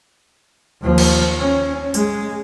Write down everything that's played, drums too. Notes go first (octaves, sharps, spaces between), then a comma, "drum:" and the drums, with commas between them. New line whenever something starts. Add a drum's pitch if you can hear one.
D#2 F3
drum: cymbal
C#4
G#3, drum: tambourine